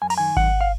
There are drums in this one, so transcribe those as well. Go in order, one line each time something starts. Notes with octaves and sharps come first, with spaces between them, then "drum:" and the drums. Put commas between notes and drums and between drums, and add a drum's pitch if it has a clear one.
F#2 G#5
A#5, drum: cymbal
D#3 G#5
F#2 F#5, drum: kick G#1
F5